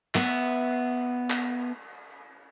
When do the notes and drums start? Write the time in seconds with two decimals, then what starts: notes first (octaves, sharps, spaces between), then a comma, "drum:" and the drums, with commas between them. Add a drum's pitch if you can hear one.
0.15 B3 E5, drum: clap
1.30 drum: clap